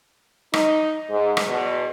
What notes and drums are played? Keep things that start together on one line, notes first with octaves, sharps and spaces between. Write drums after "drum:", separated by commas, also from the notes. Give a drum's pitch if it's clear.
D#4, drum: rim click
G#2
drum: rim click
E2 B2